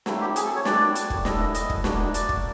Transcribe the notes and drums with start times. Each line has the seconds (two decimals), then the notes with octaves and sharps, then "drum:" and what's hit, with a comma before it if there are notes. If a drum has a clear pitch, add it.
0.06 F#3 A3 C4 E4 F4, drum: snare
0.21 G4
0.36 G#4, drum: hi-hat
0.45 A4
0.56 C#5
0.65 G3 B3 D4 F#4 D5, drum: snare
0.95 drum: hi-hat
1.10 drum: kick
1.25 C#4 E4 A4 D#5, drum: snare
1.40 D#5
1.54 D#5, drum: hi-hat
1.70 drum: kick
1.84 A#3 D4 F#4, drum: snare
2.14 D5, drum: hi-hat
2.29 drum: kick